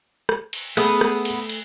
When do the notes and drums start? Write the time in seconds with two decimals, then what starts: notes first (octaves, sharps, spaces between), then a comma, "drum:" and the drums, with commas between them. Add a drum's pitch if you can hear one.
0.29 drum: rim click
0.53 drum: cymbal
0.77 A3 B3 G#4 B5 D#6 F#6, drum: cymbal
1.01 drum: rim click
1.25 drum: cymbal
1.49 drum: cymbal